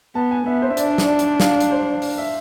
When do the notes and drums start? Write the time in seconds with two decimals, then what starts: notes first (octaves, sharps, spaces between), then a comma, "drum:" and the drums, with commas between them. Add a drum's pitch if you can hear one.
0.15 B3 A5
0.31 G#5
0.46 B3 E5
0.62 C5
0.70 E5
0.77 D4 D5, drum: hi-hat
0.98 drum: snare
1.19 drum: hi-hat
1.40 F5, drum: snare
1.60 drum: hi-hat
1.71 C5
2.02 drum: open hi-hat
2.18 E5